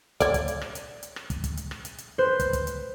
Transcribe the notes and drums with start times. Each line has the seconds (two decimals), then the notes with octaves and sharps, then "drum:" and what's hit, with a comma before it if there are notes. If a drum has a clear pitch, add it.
0.20 C#5 D5, drum: kick, hi-hat
0.34 drum: kick, hi-hat
0.48 drum: hi-hat
0.62 drum: rim click
0.75 drum: hi-hat
1.03 drum: hi-hat
1.16 drum: rim click
1.30 drum: kick, hi-hat
1.44 drum: kick, hi-hat
1.57 drum: hi-hat
1.71 drum: rim click
1.85 drum: hi-hat
1.98 drum: hi-hat
2.18 B4 C5
2.40 drum: kick, hi-hat
2.53 drum: kick, hi-hat
2.67 drum: hi-hat